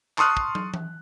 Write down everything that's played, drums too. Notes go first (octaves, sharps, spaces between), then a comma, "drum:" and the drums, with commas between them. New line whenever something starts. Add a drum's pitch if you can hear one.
A5 C6 C#6 D#6 F6 F#6, drum: clap
drum: kick
drum: tom
drum: tom E3